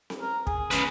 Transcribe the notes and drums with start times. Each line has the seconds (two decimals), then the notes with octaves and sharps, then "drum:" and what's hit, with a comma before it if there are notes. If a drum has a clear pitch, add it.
0.10 drum: snare C4
0.21 A#4
0.47 G#4, drum: kick
0.71 C#4 B4, drum: hi-hat